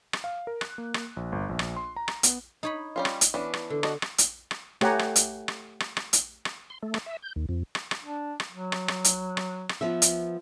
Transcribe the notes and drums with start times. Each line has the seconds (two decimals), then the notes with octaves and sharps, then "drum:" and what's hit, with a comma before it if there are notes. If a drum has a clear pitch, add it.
0.13 drum: rim click
0.24 F5
0.47 A#4
0.61 F#6, drum: rim click
0.78 A#3
0.94 drum: rim click
1.17 A#1
1.32 G1
1.49 A#1
1.59 drum: rim click
1.76 C6
1.96 A#5
2.08 drum: rim click
2.23 B3, drum: hi-hat
2.63 D#4 C#5 B5
2.96 G3 C#4 F4
3.05 drum: rim click
3.21 drum: hi-hat
3.34 E3 B3 C#4 D4
3.54 drum: rim click
3.70 D3
3.83 D4 F#4 D#5, drum: rim click
4.02 drum: rim click
4.18 drum: hi-hat
4.51 drum: rim click
4.81 A3 G4 C#5 F#5 G#5 A#5, drum: rim click
4.99 drum: rim click
5.16 drum: hi-hat
5.48 drum: rim click
5.80 drum: rim click
5.97 drum: rim click
6.13 drum: hi-hat
6.45 drum: rim click
6.70 C6
6.83 A3
6.94 drum: rim click
7.06 E5
7.22 G6
7.36 D#2
7.49 F2
7.75 drum: rim click
7.91 drum: rim click
8.04 D4
8.40 drum: rim click
8.51 F#3
8.72 drum: rim click
8.88 drum: rim click
9.04 drum: hi-hat
9.37 drum: rim click
9.69 drum: rim click
9.81 F3 B3 E5
10.02 drum: hi-hat